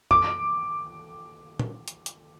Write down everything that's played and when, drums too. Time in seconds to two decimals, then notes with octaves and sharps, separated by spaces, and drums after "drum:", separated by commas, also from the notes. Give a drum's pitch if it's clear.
0.11 D6, drum: tom F#2
1.60 drum: tom A#2
1.88 drum: hi-hat
2.06 drum: hi-hat